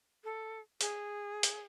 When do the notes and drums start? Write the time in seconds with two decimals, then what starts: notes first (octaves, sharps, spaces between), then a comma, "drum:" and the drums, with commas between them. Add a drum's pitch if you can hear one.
0.24 A4
0.81 G#4, drum: hi-hat
1.43 drum: hi-hat